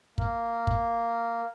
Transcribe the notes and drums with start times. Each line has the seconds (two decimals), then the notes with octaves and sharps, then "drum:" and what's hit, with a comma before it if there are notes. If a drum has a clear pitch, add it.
0.18 A#3, drum: kick
0.67 drum: kick